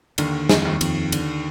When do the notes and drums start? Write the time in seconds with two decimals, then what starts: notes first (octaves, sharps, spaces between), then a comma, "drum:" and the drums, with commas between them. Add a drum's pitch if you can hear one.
0.18 D#2 D3 D#3, drum: cymbal
0.49 F2, drum: snare
0.65 D#2 D#3
0.81 F2, drum: cymbal
1.12 D3, drum: cymbal